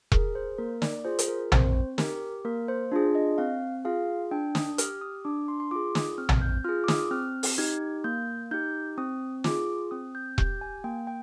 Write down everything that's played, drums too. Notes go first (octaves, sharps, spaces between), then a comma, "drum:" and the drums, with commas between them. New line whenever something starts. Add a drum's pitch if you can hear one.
G#4 A#4, drum: kick E1
C5
A#3 A#4
D5, drum: snare
F4 G#4 C5
drum: hi-hat
A#4
C4 C5, drum: tom
G4 A#4, drum: snare
A#3 A#4
C5
D4 F4 G#4
D#5
C4 F5
F4 G#4 F5
D4 G5
D#6, drum: snare
G4 F6, drum: hi-hat
D#6
D4 D6
C6
C6
F4 G#4 D6
D#6, drum: snare
C4 F6
drum: tom
G6
F4 G#4 F6
D6
D#6, drum: snare
C4 F6
drum: open hi-hat
D#4 G4 G#6
A#3 G6
D#4 G4 G6
C4 D#6
F4 G#4 D6, drum: snare
C4 D#6
G6
G4 G6, drum: kick E1
G#5
A#3 G5
G5